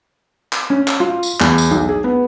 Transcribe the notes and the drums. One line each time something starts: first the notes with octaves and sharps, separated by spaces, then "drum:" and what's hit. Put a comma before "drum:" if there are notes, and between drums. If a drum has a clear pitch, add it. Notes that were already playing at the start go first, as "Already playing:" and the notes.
drum: clap
C#4
drum: clap
F4
drum: tambourine
E2, drum: clap
drum: tambourine
B1
G#4
B3